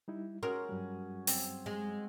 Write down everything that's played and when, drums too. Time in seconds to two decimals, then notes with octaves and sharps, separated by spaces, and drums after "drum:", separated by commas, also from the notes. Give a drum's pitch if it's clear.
0.08 G3 D#4 E4
0.43 C#4 F#4 G#4 A#4 C6 F6
0.69 G2 F#3 G3
1.27 C4, drum: open hi-hat
1.66 G#3